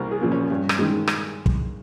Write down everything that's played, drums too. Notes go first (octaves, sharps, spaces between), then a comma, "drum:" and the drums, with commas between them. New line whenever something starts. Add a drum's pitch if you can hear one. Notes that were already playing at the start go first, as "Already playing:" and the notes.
Already playing: C2 A#3 A#4
G#4
A#2 F3 A#3
C#4
G2
drum: rim click
D#3 G#3
drum: rim click
drum: kick